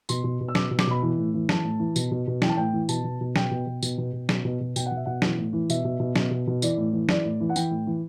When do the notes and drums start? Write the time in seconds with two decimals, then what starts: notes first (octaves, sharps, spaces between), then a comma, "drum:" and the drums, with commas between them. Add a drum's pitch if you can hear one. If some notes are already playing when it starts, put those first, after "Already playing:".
0.09 B2 C6, drum: tambourine
0.24 B2
0.41 B2
0.48 E6
0.55 B2 D6, drum: snare
0.71 B2
0.79 D6, drum: snare
0.87 B2 B5
1.02 E3
1.18 A2
1.34 E3
1.49 E3 A5, drum: snare
1.64 A2
1.80 E3
1.96 B2, drum: tambourine
2.11 B2
2.27 B2
2.42 E3 G5, drum: snare
2.49 A5
2.57 A2 G5
2.73 E3
2.89 B2 A5, drum: tambourine
3.05 B2
3.21 B2
3.36 B2 G5, drum: snare
3.51 B2
3.67 B2
3.83 B2, drum: tambourine
3.98 B2
4.13 B2
4.29 B2, drum: snare
4.45 B2
4.61 B2
4.76 B2 G5, drum: tambourine
4.86 F#5
4.92 B2 E5
5.06 B2 F#5
5.22 E3, drum: snare
5.38 A2
5.53 E3
5.70 B2 E5, drum: tambourine
5.85 B2
6.00 B2
6.16 B2, drum: snare
6.31 B2
6.47 B2
6.62 E3 D5, drum: tambourine
6.78 A2
6.93 E3
7.09 E3 D5, drum: snare
7.25 A2
7.40 E3
7.49 F#5
7.56 E3 G5, drum: tambourine
7.71 A2
7.87 E3